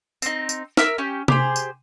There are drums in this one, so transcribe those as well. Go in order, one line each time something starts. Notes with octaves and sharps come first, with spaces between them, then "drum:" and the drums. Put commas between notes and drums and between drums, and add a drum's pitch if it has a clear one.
C4 D#4, drum: tambourine
drum: tambourine
A#4 E5 E6 F6, drum: snare
C#4 G4
G4 G#4 C5, drum: tom C3
drum: tambourine